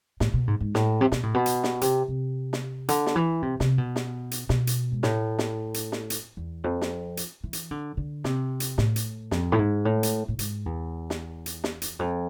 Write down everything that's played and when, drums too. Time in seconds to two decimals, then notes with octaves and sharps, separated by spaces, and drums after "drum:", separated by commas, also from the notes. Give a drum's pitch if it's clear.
0.20 A2, drum: snare
0.34 B2
0.48 G#2
0.60 G#2
0.75 A2, drum: snare
1.01 C3
1.12 B2, drum: snare
1.23 A2
1.34 B2
1.46 drum: hi-hat
1.64 drum: snare
1.81 C3, drum: hi-hat
2.08 C3
2.53 drum: snare
2.88 D3, drum: hi-hat
3.06 drum: snare
3.16 E3
3.42 C3
3.60 C3, drum: snare
3.78 B2
3.96 drum: snare
4.31 drum: hi-hat
4.49 B2, drum: snare
4.67 drum: hi-hat
4.92 G#2
5.03 A2, drum: snare
5.39 drum: snare
5.74 drum: hi-hat
5.92 drum: snare
6.10 drum: hi-hat
6.37 E2
6.64 F2
6.81 drum: snare
7.17 drum: hi-hat
7.44 E3
7.53 drum: hi-hat
7.71 D3
7.97 D3
8.24 C3, drum: snare
8.60 drum: hi-hat
8.78 A2, drum: snare
8.96 drum: hi-hat
9.31 F2, drum: snare
9.52 A2
9.59 G#2
9.85 A2
10.03 drum: hi-hat
10.28 A2
10.39 G#2, drum: hi-hat
10.66 E2
11.10 drum: snare
11.46 drum: hi-hat
11.64 drum: snare
11.82 drum: hi-hat
11.99 F2